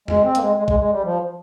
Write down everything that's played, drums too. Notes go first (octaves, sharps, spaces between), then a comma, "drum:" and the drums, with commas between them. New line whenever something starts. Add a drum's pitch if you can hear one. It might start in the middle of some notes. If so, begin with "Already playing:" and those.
G#3, drum: tom E2
C4
A#3, drum: hi-hat
G#3
G#3
G#3, drum: kick
G#3
G3
F3